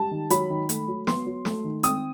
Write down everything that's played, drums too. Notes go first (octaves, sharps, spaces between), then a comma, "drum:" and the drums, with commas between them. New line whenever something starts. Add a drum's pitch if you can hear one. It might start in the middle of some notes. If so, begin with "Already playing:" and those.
Already playing: G3 A5
D#3
F#3 B5, drum: hi-hat
D#3
A3, drum: hi-hat
F#3
B3 C6, drum: snare
F#3
A3, drum: snare
D#3
C4 D#6, drum: hi-hat